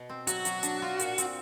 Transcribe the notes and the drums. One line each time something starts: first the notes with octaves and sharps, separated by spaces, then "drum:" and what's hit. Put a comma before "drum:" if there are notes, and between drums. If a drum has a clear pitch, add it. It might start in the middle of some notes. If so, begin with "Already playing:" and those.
Already playing: B2
C4
F#3 F#4, drum: hi-hat
F#3, drum: hi-hat
D4, drum: hi-hat
F4
A#2, drum: hi-hat
C4, drum: hi-hat